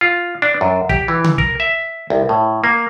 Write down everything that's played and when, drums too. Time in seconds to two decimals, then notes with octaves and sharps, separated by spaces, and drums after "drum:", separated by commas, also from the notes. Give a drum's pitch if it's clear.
0.01 F4
0.42 D4
0.61 F#2
0.89 G4, drum: kick
1.08 E3
1.24 drum: tom C#3
1.38 A#4, drum: kick
1.60 E5
2.10 C2
2.29 A2
2.64 A#3